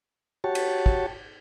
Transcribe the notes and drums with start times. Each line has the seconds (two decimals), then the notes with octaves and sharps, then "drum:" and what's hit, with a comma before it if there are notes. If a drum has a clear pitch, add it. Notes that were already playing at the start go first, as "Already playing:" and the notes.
0.44 F#4 G4 C#5 A5
0.55 drum: cymbal
0.86 drum: kick